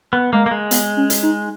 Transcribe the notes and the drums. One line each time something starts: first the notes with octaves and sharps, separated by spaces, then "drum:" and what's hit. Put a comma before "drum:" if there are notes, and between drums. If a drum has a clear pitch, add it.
B3
G#3 A#3
A#3
G#3
B3, drum: hi-hat
C#4
drum: hi-hat
D#4